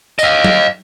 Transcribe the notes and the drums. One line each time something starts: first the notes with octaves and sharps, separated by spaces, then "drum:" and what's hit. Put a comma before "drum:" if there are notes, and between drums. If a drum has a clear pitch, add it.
D#5 F5, drum: tambourine
drum: tom